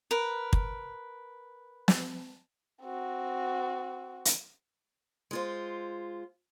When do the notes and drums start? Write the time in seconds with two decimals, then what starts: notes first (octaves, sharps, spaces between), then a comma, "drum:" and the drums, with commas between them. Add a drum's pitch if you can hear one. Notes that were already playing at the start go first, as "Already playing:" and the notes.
0.11 A#4 B4
0.53 drum: kick
1.88 drum: snare
2.83 C4 F#4
4.25 drum: hi-hat
5.31 G#3 F4 C5